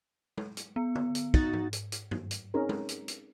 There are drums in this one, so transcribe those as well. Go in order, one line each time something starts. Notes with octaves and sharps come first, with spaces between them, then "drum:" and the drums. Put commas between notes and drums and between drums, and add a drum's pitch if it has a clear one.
drum: tom G#3
drum: hi-hat
B3
drum: tom D3
drum: hi-hat
D#4 F#4 A6, drum: kick
drum: tom
drum: hi-hat
drum: hi-hat
drum: tom G2
drum: hi-hat
C4 C#4 D#4 G#4 A#4
drum: tom G#3
drum: hi-hat
drum: hi-hat